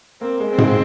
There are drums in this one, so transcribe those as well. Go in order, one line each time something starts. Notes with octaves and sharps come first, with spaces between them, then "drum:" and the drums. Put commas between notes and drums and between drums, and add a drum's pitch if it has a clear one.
A#3 C4
G#3
C4
G#3, drum: tom G#2